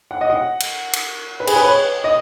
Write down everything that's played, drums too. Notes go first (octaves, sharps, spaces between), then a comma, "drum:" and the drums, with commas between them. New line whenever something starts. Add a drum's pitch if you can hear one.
F#5
D#5
F#5
drum: cymbal
drum: cymbal
B4
G#4, drum: cymbal
B4
C#5
D#5